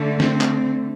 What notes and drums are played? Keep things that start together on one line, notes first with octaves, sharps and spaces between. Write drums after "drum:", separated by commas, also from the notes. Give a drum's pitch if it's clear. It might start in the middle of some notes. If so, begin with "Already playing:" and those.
Already playing: D3 A3
C4, drum: snare
drum: clap